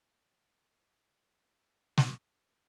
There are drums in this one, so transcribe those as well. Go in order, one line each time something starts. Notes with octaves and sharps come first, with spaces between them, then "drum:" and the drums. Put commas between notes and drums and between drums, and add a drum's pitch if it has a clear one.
D#3 F#3 G3
drum: snare